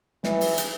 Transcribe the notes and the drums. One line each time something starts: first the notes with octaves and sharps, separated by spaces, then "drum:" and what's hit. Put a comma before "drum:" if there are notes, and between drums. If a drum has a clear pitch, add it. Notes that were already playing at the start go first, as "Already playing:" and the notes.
E3, drum: snare
drum: open hi-hat
drum: hi-hat